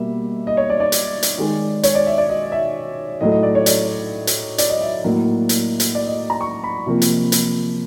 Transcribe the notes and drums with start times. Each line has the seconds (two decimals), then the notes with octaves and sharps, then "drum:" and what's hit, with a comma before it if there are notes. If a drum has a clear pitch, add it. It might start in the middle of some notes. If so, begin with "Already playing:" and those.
Already playing: B2 G3 A#3 E5
0.47 D#5
0.57 C#5
0.70 D5
0.80 D5
0.92 drum: hi-hat
1.23 drum: hi-hat
1.38 D#3 G#3
1.83 C#5, drum: hi-hat
1.95 D5
2.06 E5
2.18 D5
2.29 D#5
2.52 E5
3.21 A2 F#3 A3 D#5
3.32 D#5
3.43 D5
3.55 C#5
3.66 D5, drum: hi-hat
4.27 drum: hi-hat
4.58 D5, drum: hi-hat
4.69 D#5
4.81 E5
5.04 A2 F#3 A#3
5.49 drum: hi-hat
5.80 drum: hi-hat
5.95 D5
6.07 D#5
6.30 A#5
6.41 C#6
6.64 B5
6.86 C3 F3 A#3
7.02 drum: hi-hat
7.32 drum: hi-hat